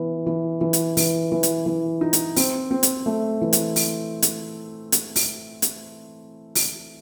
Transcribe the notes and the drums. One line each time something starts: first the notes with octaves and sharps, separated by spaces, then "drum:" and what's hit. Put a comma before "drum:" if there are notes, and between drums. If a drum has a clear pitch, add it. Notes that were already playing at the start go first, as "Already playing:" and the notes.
Already playing: E3 B3
E3
E3
drum: hi-hat
E3, drum: open hi-hat
E3
drum: hi-hat
E3
D#4
drum: hi-hat
C4, drum: open hi-hat
C4
drum: hi-hat
A3
E3
drum: hi-hat
drum: open hi-hat
drum: hi-hat
drum: hi-hat
drum: open hi-hat
drum: hi-hat
drum: open hi-hat